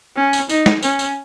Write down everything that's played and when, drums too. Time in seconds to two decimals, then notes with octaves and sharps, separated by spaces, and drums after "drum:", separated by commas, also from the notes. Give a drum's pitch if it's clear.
0.16 C#4
0.33 drum: tambourine
0.49 D#4, drum: tambourine
0.66 drum: snare
0.83 C#4, drum: tambourine
0.99 drum: tambourine